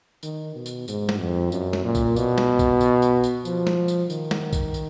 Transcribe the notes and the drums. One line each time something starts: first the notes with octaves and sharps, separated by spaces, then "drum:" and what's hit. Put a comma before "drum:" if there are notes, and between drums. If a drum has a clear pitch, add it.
D#3, drum: tambourine
B2
drum: tambourine
G#2, drum: tambourine
drum: snare
F2
F#2, drum: tambourine
drum: snare
A#2
drum: kick B1, tambourine
B2, drum: tambourine
drum: snare
drum: kick B1, tambourine
drum: tambourine
drum: tambourine
drum: tambourine
F3, drum: tambourine
drum: snare
drum: tambourine
D#3, drum: tambourine
drum: snare
drum: kick B1, tambourine
drum: tambourine